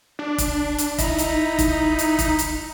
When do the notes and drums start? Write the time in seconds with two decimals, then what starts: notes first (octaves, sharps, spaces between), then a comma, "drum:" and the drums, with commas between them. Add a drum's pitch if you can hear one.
0.19 D4
0.38 drum: kick, hi-hat
0.78 drum: hi-hat
0.98 D#4 E4 A#5 B5, drum: kick, hi-hat
1.18 drum: hi-hat
1.59 drum: kick, hi-hat
1.99 drum: hi-hat
2.19 drum: kick, hi-hat
2.39 drum: hi-hat